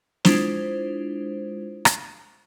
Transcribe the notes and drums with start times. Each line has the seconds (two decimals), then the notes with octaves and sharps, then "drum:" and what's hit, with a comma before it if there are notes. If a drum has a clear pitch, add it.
0.25 G#3 D4 E4 F4 C5, drum: snare
1.85 drum: rim click